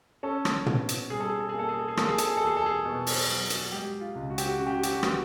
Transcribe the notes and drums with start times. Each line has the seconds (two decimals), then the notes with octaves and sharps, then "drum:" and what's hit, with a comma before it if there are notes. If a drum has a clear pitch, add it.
0.23 C#4 A4
0.45 drum: rim click
0.66 B2, drum: tom
0.89 drum: hi-hat
1.10 G3 G#4
1.20 A4
1.30 G#4
1.40 A4
1.49 A#3 G#4
1.59 A4
1.69 G#4
1.79 A4
1.88 G#4
1.97 A#3 A4, drum: rim click
2.08 G#4
2.18 A4, drum: hi-hat
2.28 G#4
2.37 E2 A4
2.47 G#4
2.57 A4
2.66 G#4
2.85 B2
3.07 drum: open hi-hat
3.28 F#3
3.50 drum: hi-hat
3.72 G#3 G4
4.01 F4
4.15 C#2
4.30 F#4
4.38 G4, drum: hi-hat
4.46 F#4
4.59 C#3 F#4
4.67 G4
4.75 F#4
4.83 G4, drum: hi-hat
4.91 F#4
4.99 G4
5.03 E3 F#4, drum: rim click